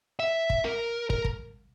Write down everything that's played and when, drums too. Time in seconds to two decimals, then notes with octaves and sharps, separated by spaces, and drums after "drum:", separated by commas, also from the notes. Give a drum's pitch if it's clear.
0.20 E5
0.50 drum: kick
0.65 A#4
1.10 A#4, drum: kick
1.25 drum: kick